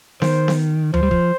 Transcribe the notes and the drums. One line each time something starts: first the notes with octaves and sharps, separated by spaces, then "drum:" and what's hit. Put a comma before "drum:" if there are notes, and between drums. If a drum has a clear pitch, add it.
D#3 C5, drum: snare B3
drum: snare B3
F3 C5, drum: tom D2
G3
F3, drum: kick